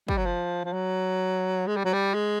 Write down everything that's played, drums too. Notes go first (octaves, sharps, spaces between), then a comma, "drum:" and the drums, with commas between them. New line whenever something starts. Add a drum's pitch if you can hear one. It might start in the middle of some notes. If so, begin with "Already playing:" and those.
G3, drum: kick
F#3
F3
F3
F#3
G#3
G3
F#3
G3
G#3